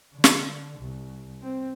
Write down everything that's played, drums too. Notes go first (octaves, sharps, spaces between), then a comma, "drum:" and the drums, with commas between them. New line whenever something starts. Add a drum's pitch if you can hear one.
D3
drum: snare
C2
C4